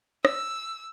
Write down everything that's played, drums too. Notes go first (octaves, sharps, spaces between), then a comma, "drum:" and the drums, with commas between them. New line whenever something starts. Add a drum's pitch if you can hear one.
E6, drum: rim click